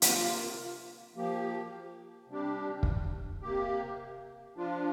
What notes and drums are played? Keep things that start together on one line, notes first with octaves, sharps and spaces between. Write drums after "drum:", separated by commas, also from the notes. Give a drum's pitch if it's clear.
C3 A#3 F4, drum: hi-hat
F3 A#3 G4
C3 G3 D4 G4
drum: kick
C3 A#3 G4
F3 D4 F4